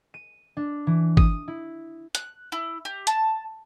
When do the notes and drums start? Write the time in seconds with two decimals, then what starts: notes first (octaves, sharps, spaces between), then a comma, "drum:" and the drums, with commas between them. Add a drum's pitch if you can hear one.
0.14 D#7
0.57 D4
0.87 E3
1.17 D#6, drum: kick
1.48 E4
2.15 F#6, drum: hi-hat
2.52 E4
2.85 G4
3.07 A5, drum: hi-hat